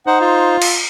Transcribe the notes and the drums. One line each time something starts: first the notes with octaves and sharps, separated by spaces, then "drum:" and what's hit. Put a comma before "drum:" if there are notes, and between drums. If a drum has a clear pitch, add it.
D#4 C5 F#5
F4
drum: cymbal